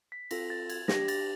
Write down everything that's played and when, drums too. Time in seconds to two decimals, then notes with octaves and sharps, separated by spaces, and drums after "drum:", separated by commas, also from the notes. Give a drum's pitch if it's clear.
0.12 B6
0.31 C4 F4 A4 A#6, drum: cymbal
0.50 A6
0.70 G#6, drum: cymbal
0.88 D4 G4 A#6, drum: snare
1.08 A6, drum: cymbal